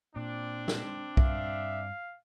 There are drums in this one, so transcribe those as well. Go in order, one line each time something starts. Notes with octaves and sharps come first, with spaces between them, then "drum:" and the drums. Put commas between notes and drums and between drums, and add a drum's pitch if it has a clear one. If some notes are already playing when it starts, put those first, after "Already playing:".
A#2 C4 D4
drum: snare
G2 E5 F5, drum: kick B1